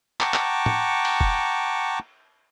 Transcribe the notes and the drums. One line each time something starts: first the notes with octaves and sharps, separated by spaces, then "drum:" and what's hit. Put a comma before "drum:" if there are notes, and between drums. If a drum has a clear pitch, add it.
F#5 G5 A5 A#5 C#6 D6, drum: clap
drum: clap
drum: tom
drum: cymbal
drum: kick F1